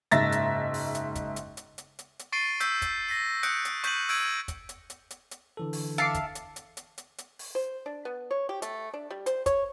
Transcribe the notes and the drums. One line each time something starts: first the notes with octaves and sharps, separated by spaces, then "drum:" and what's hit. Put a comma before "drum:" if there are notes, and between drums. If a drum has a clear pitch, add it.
F#1 G#2 E5 A6 A#6, drum: hi-hat
drum: hi-hat
drum: open hi-hat
drum: hi-hat
drum: kick, hi-hat
drum: hi-hat
drum: hi-hat
drum: hi-hat
drum: hi-hat
drum: hi-hat
C#6 A6 C7 D7 D#7 G7
E6 G6 B6, drum: hi-hat
drum: kick, hi-hat
A#6 B6 D#7
D#6 F#6 G6 C#7 D7, drum: hi-hat
drum: hi-hat
C#6 G6 B6 D#7 F#7, drum: hi-hat
E6 G6 G#6 D7 D#7 F#7, drum: open hi-hat
drum: kick, hi-hat
drum: hi-hat
drum: hi-hat
drum: hi-hat
drum: hi-hat
D3 E3 A4
drum: open hi-hat
E5 F5 A5 D6 C7 C#7
drum: kick, hi-hat
drum: hi-hat
drum: hi-hat
drum: hi-hat
drum: hi-hat
drum: hi-hat
drum: open hi-hat
C5
D4
B3
C#5
G4
A3, drum: hi-hat
D4
G3
C5, drum: hi-hat
C#5, drum: kick, hi-hat